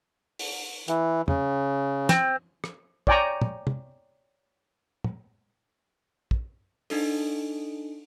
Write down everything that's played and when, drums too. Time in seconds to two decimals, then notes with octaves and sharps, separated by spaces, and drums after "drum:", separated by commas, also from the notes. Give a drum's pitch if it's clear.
0.39 drum: open hi-hat
0.88 E3, drum: hi-hat
1.28 C#3, drum: tom
2.09 C4, drum: snare
2.64 drum: rim click
3.07 C#5 D5 G5 G#5 A#5 C#6, drum: kick
3.41 drum: tom
3.67 drum: tom
5.04 drum: tom
6.31 drum: kick
6.90 D4 D#4 A4, drum: open hi-hat